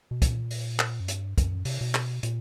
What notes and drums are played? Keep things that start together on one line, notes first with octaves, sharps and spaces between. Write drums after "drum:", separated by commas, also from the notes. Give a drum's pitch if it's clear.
B2
A#2, drum: kick, hi-hat
drum: open hi-hat
drum: clap
F#2
G2, drum: hi-hat
F#2, drum: kick, hi-hat
C3, drum: open hi-hat
B2
drum: clap
A#2, drum: hi-hat